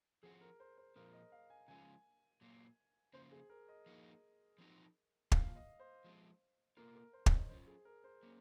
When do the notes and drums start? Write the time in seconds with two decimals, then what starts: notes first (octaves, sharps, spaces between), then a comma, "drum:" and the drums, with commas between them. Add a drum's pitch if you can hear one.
0.23 F3 C4 F#4 G#4
0.41 A#4
0.60 C5
0.78 C5
0.96 A#2 F3 C4 F4 A#4
1.14 D#5
1.32 F5
1.50 G#5
1.68 C#3 F3 G#3 C#4 F4 G#5
2.41 A#2 F#3 A#3
3.13 C#3 F3 A#3 C5
3.32 G#4
3.50 A#4
3.68 D#5
3.86 F3 A#3 D#4 F#4
4.58 F3 C4 D#4 F#4
5.32 F3 A#3 F4 F5, drum: kick
5.56 D#5
5.80 C5
6.04 F3 G#3 C4
6.77 C3 D#3 A#3 F4 A#4
6.95 A#4
7.13 C5
7.26 C#5, drum: kick
7.31 D#5
7.49 F#3 C#4 F4 C5
7.67 G#4
7.85 A#4
8.04 C5
8.23 F#3 A#3 C#4